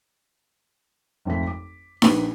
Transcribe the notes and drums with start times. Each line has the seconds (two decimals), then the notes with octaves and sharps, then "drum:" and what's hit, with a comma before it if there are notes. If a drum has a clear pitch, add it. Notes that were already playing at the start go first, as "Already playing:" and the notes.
1.25 G#1 F2 A3 B6
1.47 D6
2.02 A#1 D#4 B4 B5 D6 D#7, drum: snare D#4